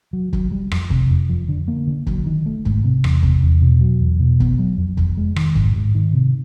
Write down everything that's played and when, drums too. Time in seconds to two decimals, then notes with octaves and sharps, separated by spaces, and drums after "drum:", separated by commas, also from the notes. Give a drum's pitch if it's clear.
0.13 F#3
0.33 F#3, drum: kick
0.52 G3
0.71 F2, drum: rim click
0.90 C3, drum: kick
1.10 F2
1.29 F3
1.49 D3
1.68 A#3
1.87 D3
2.06 F#3, drum: kick
2.26 D#3
2.46 A3
2.65 G#2, drum: kick
2.84 C3
3.04 E2, drum: rim click
3.23 C3, drum: kick
3.43 E2
3.62 B2
3.81 F#3
4.01 E2
4.19 B2
4.40 B3, drum: kick
4.59 F#3
4.78 F2
4.97 F2, drum: kick
5.17 G#3
5.36 D#3, drum: rim click
5.55 G#2, drum: kick
5.76 G#2
5.95 D#3
6.13 C3